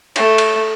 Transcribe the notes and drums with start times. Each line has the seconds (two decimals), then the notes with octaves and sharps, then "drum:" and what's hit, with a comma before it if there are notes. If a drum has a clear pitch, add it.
0.16 A3, drum: cymbal
0.38 drum: cymbal